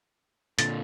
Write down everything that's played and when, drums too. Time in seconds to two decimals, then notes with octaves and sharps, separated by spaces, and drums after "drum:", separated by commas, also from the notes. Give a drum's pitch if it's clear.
0.59 A#2 D3 A6, drum: hi-hat